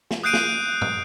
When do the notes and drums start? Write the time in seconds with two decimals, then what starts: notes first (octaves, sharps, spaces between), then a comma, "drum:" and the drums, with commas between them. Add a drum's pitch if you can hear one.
0.11 drum: snare
0.24 D#6 F#6 G6 C7 D7 D#7
0.33 drum: snare
0.81 drum: tom